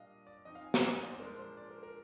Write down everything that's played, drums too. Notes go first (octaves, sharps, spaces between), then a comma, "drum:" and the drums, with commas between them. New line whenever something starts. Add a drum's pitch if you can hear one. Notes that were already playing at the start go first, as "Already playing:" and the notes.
Already playing: A#2 G3 D4 D#5 F5
D5
F3 C4 D#4 D#5
F5
G#5
G#5, drum: snare
A#5
D#5
D5
C5
A#2 F3 G#3 D4 A#4
C5
D5
A#4
A#4